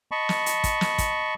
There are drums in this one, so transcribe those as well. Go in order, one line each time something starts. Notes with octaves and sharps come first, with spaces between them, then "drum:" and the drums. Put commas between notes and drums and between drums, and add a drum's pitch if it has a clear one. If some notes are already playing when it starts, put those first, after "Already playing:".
D#5 A5 B5 C#6
drum: snare
drum: hi-hat
drum: kick, hi-hat
drum: snare
drum: kick, hi-hat